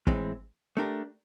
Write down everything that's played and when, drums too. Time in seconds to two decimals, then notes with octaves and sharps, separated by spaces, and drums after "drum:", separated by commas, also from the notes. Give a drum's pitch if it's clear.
0.07 A2 E3 G#3 C4, drum: kick
0.77 A3 D4 G4 A#4